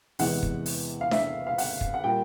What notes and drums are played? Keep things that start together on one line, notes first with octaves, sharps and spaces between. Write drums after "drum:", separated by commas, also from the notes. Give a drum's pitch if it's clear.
E2 C3 E3 G#3 F#5, drum: open hi-hat
drum: kick
drum: open hi-hat
F5
E5, drum: snare D4
F5
F#5, drum: open hi-hat
drum: kick
F#5
A#2 G3 A#3 G5